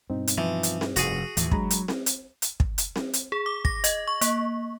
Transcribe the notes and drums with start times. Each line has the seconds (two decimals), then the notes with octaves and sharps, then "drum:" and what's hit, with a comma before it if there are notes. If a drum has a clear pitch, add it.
0.10 G2 B2 C4 D#4
0.27 drum: hi-hat
0.38 E3 F3
0.63 drum: hi-hat
0.81 drum: snare C4
0.96 F1 F#4 G#4, drum: hi-hat
1.37 D#2 A2 E3 F3, drum: hi-hat
1.51 F#3 G#3 C#4 D4 A#5 B5, drum: kick
1.70 drum: hi-hat
1.88 drum: snare C4
2.06 drum: hi-hat
2.42 drum: hi-hat
2.60 drum: kick
2.78 drum: hi-hat
2.96 drum: snare C4
3.13 drum: hi-hat
3.32 G#4
3.46 D6
3.65 A#6, drum: kick
3.84 D#5, drum: hi-hat
4.08 C#6
4.21 A#3, drum: hi-hat